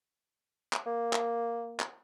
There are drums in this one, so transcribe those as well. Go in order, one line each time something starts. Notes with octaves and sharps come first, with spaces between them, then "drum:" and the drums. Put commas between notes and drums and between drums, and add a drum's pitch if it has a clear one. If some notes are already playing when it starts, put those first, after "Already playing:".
drum: clap
A#3
drum: clap
drum: clap